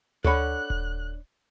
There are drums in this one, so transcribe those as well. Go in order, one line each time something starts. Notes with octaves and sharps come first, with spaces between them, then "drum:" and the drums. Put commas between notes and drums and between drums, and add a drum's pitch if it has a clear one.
D4 A4 C#5 F#5 B5 F#6, drum: tom D2
drum: kick D#1